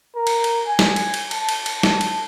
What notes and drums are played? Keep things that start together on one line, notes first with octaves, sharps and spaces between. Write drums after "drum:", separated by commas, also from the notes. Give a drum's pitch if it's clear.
A#4
drum: cymbal
drum: cymbal
G#5
drum: snare
drum: cymbal
drum: cymbal
A5, drum: cymbal
drum: cymbal
drum: cymbal
drum: snare
drum: cymbal